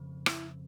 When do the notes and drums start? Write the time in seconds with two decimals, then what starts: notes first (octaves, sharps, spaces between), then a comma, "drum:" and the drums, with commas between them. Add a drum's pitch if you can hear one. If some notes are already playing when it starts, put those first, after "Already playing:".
Already playing: F2 C#3
0.26 E4, drum: rim click